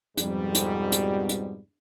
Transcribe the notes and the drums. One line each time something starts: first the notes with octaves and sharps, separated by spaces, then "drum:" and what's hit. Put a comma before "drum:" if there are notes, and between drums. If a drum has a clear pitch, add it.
F2 G#2 B2 G3, drum: hi-hat
drum: hi-hat
drum: hi-hat
drum: hi-hat